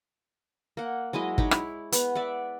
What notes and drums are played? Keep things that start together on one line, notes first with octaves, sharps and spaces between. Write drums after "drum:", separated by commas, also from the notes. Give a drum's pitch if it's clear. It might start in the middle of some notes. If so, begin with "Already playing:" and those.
A#3 F#5
F#3 G#3 E4 D#5
D#4 C#5 B5 D6, drum: kick
E4, drum: rim click
B3, drum: hi-hat
D5 E5 F#5